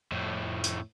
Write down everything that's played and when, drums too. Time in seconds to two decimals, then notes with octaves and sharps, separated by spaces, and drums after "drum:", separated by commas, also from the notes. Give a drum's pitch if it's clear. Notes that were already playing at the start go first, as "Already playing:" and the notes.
0.12 F2 A2
0.64 drum: hi-hat